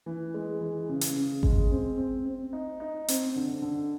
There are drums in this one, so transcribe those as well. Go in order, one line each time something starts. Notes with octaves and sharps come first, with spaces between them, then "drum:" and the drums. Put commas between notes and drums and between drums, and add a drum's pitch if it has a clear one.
E3
G#3
E3
C#3
drum: hi-hat
C#3
G#3, drum: kick G#1
C4
C4
C4
D#4
D#4
C4, drum: hi-hat
D3
D3